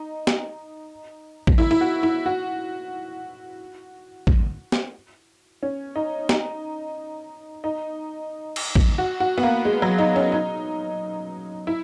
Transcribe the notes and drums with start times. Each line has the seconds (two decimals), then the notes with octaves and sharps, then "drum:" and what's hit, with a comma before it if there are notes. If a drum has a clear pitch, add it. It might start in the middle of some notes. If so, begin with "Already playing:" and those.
Already playing: D#4
0.27 drum: snare
1.47 drum: kick
1.58 E4
1.71 E4
1.81 F#4
2.03 E4
2.26 F#4
4.27 drum: kick
4.72 drum: snare
5.63 C#4
5.96 D#4
6.29 D#4, drum: snare
7.64 D#4
8.56 drum: cymbal
8.76 drum: kick
8.98 F#4
9.20 F#4
9.38 B3
9.43 A#3
9.65 G#3
9.82 F#3
9.98 D#4
10.16 C#4
10.32 D#4
11.67 E4